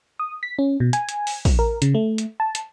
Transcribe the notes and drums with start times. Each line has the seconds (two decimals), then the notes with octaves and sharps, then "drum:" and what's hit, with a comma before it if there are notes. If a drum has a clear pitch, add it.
0.19 D#6
0.43 B6
0.59 C#4
0.80 B2
0.93 G#5, drum: hi-hat
1.09 drum: hi-hat
1.27 drum: open hi-hat
1.45 drum: kick, open hi-hat
1.59 A#4
1.82 C#3, drum: hi-hat
1.95 A3
2.18 drum: hi-hat
2.40 A5
2.55 drum: hi-hat